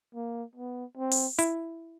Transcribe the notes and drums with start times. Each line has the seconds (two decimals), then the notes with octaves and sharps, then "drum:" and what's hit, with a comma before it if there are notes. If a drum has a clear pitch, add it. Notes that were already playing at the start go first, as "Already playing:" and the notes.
0.15 A#3
0.56 B3
0.97 C4
1.11 drum: open hi-hat
1.39 E4, drum: hi-hat